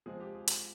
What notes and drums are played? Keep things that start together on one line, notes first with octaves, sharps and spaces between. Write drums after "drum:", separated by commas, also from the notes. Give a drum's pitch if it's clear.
F3 G#3 C4 G#4
G4
G#4
drum: hi-hat